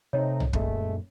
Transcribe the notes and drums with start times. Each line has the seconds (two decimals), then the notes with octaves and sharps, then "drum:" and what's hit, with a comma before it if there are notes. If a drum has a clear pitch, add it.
0.13 C3 A3 C4 D#4 C#5
0.40 drum: tom B1
0.53 F#2 A#2 G#3 A3 C#4, drum: kick